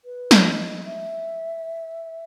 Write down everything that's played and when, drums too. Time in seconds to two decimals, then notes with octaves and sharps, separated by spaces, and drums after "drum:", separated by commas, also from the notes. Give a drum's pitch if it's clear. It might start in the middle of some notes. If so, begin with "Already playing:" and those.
0.05 B4
0.31 drum: snare
0.45 D#5
0.85 E5